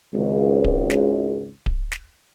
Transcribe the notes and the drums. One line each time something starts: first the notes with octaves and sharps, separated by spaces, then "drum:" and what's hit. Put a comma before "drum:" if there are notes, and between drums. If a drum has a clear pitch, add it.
G#1 C#2
drum: kick D1
drum: snare
drum: kick D1
drum: snare